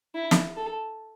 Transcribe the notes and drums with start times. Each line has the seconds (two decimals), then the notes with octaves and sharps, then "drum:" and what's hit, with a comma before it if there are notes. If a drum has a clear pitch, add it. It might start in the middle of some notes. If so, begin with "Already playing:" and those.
0.15 E4
0.31 drum: snare
0.56 A4